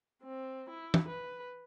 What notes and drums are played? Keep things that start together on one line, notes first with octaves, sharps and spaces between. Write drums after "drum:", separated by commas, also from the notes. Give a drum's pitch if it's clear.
C4
E4
drum: tom
B4